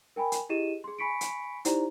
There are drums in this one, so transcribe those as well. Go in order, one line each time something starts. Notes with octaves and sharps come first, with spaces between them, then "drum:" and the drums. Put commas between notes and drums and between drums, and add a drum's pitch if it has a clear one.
A#4 G5 G#5 B5
drum: hi-hat
E4 G4 G#4 D#5 D#7 E7
G#4 C6
G#5 B5 C#6 B6 C#7 D7
drum: hi-hat
D#4 E4 G4 C5 D5 A#5, drum: hi-hat